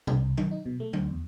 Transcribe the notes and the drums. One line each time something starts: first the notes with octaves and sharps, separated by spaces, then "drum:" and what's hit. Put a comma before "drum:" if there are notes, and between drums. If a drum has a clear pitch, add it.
C2, drum: tom
D#3, drum: tom F#3
D#4
B2
A3
D2, drum: tom F#3
E2